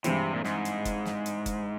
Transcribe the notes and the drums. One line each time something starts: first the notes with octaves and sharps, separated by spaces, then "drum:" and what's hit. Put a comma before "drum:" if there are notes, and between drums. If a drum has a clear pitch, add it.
G2 C3 E3 G#3 C4 E4, drum: hi-hat
A#2
G#2, drum: snare
drum: hi-hat
drum: kick F#1, hi-hat
drum: snare
drum: hi-hat
drum: kick F#1, hi-hat